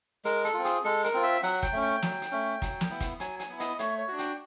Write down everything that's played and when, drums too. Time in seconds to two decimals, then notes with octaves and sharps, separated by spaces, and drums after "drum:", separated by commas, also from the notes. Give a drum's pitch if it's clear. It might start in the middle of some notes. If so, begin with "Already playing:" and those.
0.25 G#3 A#4, drum: hi-hat
0.44 A4, drum: hi-hat
0.54 C4 F4
0.65 G#4, drum: hi-hat
0.84 G#3 A4
1.04 A#4, drum: hi-hat
1.14 C4 F4
1.23 E5
1.43 F#3 F#5, drum: hi-hat
1.63 G5, drum: kick, hi-hat
1.73 A3 C#4
1.82 G5
2.02 F#3, drum: snare
2.22 drum: hi-hat
2.31 A3 C#4
2.62 F#3, drum: kick, hi-hat
2.81 drum: snare
2.91 B3 E4
3.00 drum: kick, hi-hat
3.20 F#3 G#5, drum: hi-hat
3.40 G#5, drum: hi-hat
3.49 B3 E4
3.60 D#5, drum: hi-hat
3.79 A3 C#5, drum: hi-hat
3.98 C#5
4.08 D4 F#4
4.18 G5, drum: hi-hat